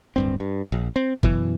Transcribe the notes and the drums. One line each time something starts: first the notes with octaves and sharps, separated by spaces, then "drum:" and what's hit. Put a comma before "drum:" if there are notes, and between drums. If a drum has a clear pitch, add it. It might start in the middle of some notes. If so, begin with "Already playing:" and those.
D1 G2 C4
G2
A#1
C4
F#2 B2 E3, drum: kick G1